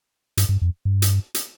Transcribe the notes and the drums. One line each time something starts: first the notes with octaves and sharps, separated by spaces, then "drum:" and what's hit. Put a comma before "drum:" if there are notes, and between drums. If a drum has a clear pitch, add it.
G2, drum: hi-hat
G2
F2
G2
drum: hi-hat
drum: hi-hat